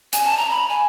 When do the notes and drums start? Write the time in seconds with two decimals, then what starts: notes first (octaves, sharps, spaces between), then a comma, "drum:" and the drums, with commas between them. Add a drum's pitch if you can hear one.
0.13 G#5, drum: hi-hat
0.25 A5
0.37 A#5
0.50 B5
0.69 G#5